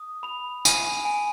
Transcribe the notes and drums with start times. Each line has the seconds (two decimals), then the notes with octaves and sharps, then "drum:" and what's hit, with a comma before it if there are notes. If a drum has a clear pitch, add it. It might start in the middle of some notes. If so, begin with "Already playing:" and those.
Already playing: D#6
0.23 B5 F7
0.65 G#5 D#7, drum: tambourine
1.05 G#5